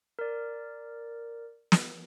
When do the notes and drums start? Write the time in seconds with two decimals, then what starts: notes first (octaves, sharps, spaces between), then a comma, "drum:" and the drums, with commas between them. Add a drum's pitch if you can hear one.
0.19 A#4 D5
1.72 drum: snare